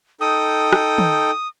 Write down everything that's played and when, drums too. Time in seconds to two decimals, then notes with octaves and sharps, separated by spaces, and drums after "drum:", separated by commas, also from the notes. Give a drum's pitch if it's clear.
0.21 D#4 A4 G5 D#6
0.72 drum: rim click
0.98 drum: tom